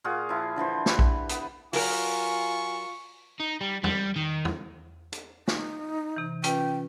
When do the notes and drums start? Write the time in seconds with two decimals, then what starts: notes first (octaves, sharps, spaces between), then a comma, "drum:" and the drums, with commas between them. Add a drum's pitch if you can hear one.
0.04 A#2 F4 F#4 G#4
0.29 F3 E4
0.56 D3 E3 F3 C5
0.86 G4 B4, drum: snare
0.99 drum: kick A#1
1.29 B3, drum: hi-hat
1.73 F#3 F4 A#4 G#5 C#6, drum: open hi-hat
3.40 D#4
3.61 G3
3.84 G3, drum: tom
4.16 D#3
4.45 drum: tom
5.13 drum: hi-hat
5.48 D#4, drum: snare
6.16 C3 E3
6.44 C#4 F4 B4 G5, drum: hi-hat